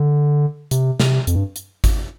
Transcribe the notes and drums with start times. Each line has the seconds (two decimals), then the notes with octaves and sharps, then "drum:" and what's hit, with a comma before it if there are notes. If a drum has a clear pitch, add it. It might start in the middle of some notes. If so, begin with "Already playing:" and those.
Already playing: D3
0.71 C3, drum: hi-hat
1.00 C3, drum: snare
1.27 F2, drum: hi-hat
1.35 G2
1.56 drum: hi-hat
1.84 drum: kick G#1, hi-hat